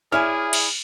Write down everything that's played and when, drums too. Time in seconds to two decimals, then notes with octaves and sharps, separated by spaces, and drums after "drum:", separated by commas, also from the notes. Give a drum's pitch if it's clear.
0.12 E4 G#4 C#5 D5 E5 G#5 F6
0.53 drum: cymbal